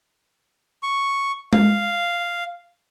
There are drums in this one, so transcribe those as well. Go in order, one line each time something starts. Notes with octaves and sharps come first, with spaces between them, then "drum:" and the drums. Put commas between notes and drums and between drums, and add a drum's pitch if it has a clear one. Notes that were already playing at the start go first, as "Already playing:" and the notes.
C#6
F5, drum: tom G#3